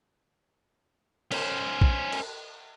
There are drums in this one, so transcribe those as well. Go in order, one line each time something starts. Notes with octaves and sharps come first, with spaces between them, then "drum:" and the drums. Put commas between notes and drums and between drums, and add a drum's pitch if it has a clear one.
C#4 C5, drum: cymbal
drum: kick A#1
drum: cymbal